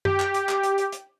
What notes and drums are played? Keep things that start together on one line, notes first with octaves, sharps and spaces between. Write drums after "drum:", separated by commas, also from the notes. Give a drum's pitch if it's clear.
G4, drum: tom F#2
drum: clap
drum: hi-hat
drum: clap
drum: hi-hat
drum: hi-hat
drum: hi-hat